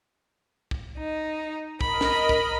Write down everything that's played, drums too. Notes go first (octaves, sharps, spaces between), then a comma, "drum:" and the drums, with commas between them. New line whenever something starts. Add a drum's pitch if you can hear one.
drum: kick
D#4
A#4 D#5 B5, drum: kick
drum: snare
drum: kick